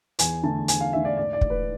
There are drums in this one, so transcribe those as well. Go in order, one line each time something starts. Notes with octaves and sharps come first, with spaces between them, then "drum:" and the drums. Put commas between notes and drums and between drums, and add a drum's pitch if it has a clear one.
E2 G#5, drum: hi-hat
D3 A3 A5
E2 G#5, drum: hi-hat
F5
D3 A3 E5
D5
G#2 D5
D5
E3 A3, drum: kick
B4